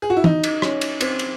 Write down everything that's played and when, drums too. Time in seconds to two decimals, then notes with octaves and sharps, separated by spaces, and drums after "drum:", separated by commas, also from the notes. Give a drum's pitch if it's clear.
0.02 G#4
0.10 F#4
0.17 E4
0.24 D#4, drum: tom
0.44 drum: cymbal
0.62 C#4, drum: rim click
0.81 drum: cymbal
1.01 C4, drum: cymbal
1.19 drum: cymbal